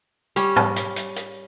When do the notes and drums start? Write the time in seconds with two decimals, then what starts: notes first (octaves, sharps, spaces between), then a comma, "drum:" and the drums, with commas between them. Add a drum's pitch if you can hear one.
0.36 G3 C#4, drum: hi-hat
0.56 drum: tom
0.76 drum: hi-hat
0.96 drum: hi-hat
1.16 drum: hi-hat